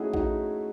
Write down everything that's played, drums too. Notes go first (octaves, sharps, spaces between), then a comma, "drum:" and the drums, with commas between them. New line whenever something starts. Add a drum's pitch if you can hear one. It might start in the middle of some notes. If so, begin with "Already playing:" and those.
Already playing: A3 C#4 D#4 E4 F#4 G#4
D#4 F#4, drum: kick A#1